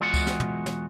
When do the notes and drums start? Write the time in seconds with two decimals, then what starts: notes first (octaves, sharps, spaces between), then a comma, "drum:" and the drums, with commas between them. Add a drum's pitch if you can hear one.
0.01 E2 G#3 F4 F#4 F#5
0.14 drum: kick C#2, tambourine
0.27 drum: snare
0.40 drum: tom
0.66 drum: snare